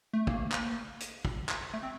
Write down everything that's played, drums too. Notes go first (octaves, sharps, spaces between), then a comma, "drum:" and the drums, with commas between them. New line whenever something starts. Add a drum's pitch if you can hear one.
A3
A#3, drum: kick
drum: clap
drum: hi-hat
drum: kick
drum: clap
A3
C4